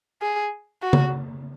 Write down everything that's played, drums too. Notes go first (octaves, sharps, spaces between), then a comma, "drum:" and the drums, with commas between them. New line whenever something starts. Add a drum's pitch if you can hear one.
G#4
F#4
drum: tom C#3